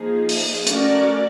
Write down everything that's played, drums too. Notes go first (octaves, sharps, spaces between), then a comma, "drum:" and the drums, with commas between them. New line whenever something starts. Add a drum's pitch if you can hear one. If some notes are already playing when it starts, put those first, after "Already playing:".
Already playing: F3 A#3 D#4 G#4
drum: open hi-hat
A3 C#4 F#4 A#4 D5, drum: hi-hat